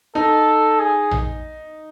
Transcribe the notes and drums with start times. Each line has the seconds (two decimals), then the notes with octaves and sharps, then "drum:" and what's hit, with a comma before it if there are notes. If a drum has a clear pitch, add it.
0.15 D#4 A4
0.79 G#4
1.11 drum: tom A#1